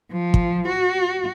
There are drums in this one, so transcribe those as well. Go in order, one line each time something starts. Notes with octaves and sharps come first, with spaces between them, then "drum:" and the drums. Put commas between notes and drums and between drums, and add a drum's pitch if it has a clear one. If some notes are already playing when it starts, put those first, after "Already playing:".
F3
drum: kick
F#4